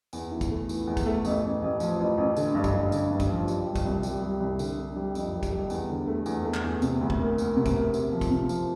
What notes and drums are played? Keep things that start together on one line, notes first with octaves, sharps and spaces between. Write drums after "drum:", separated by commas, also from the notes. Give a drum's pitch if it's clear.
E2, drum: tambourine
E3
drum: kick, tambourine
A3
E3, drum: tambourine
E2
drum: kick, tambourine
A3
A1, drum: tambourine
A1
A1
F3, drum: tambourine
A1
A1
D3, drum: tambourine
G2
drum: kick, tambourine
G2
D3, drum: tambourine
G2
drum: kick, tambourine
F3
G3, drum: tambourine
G3
drum: kick, tambourine
C2
G3, drum: tambourine
G3
C2
D3, drum: tambourine
D3
G3
F2, drum: tambourine
G3
drum: kick, tambourine
G3
E2, drum: tambourine
D3
A3
E2, drum: tambourine
A3
drum: clap
E2
C3, drum: tambourine
D2
drum: kick
A#3
A#3, drum: tambourine
C3
drum: kick, tambourine
A#3
C3, drum: tambourine
F3
drum: kick, tambourine
C3
F3, drum: tambourine